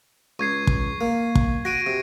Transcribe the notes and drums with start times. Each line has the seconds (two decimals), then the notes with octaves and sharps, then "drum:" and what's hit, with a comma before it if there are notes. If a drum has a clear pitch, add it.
0.39 C#2 C#6 G#6 C7
0.67 drum: kick
1.01 A#3
1.35 drum: kick
1.65 F#4 A#6 D7 D#7
1.86 C3